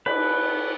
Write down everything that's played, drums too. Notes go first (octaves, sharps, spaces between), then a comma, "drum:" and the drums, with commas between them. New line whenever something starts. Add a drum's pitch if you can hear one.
B4, drum: cymbal